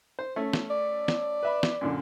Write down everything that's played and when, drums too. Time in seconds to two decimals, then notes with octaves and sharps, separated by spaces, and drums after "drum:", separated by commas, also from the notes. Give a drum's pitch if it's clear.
0.19 C5
0.36 A3 C#4
0.53 drum: snare
0.70 D5
1.08 drum: snare
1.43 B4 E5 B5
1.63 drum: snare
1.81 F#2 A#2 D3